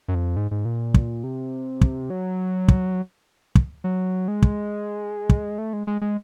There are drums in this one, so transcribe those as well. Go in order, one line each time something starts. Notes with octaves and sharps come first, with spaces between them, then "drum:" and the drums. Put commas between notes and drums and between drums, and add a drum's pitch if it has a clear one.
F#2
F2
G#2
G#2
A#2
drum: kick
C3
drum: kick
F#3
drum: kick
drum: kick
F#3
G#3
drum: kick
drum: kick
A3
G#3
G#3
G#3